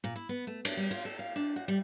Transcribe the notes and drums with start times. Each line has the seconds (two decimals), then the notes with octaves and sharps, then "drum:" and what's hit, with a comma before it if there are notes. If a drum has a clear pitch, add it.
0.04 A#2
0.15 E4
0.29 B3
0.47 A3
0.65 D4, drum: cymbal
0.77 G3
0.91 F4
1.05 A4
1.19 F5
1.36 D4
1.56 F#4
1.68 G3